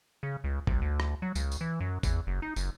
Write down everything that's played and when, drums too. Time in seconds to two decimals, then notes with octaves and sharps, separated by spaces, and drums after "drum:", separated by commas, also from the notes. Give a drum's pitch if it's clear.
0.23 C#3
0.44 C#2
0.67 C2, drum: kick G#1
0.82 D2
1.00 drum: rim click
1.22 F#3
1.35 C#2, drum: tambourine
1.52 drum: tambourine
1.61 E3
1.80 F#2
2.03 E2, drum: kick G#1, tambourine
2.27 F#1
2.42 D#4
2.56 F#1, drum: tambourine